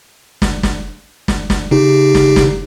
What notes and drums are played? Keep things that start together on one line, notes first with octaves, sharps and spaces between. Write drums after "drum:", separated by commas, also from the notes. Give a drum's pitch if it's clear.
drum: snare
drum: snare
drum: snare
drum: snare
C#3 D#4 G4
drum: snare
drum: snare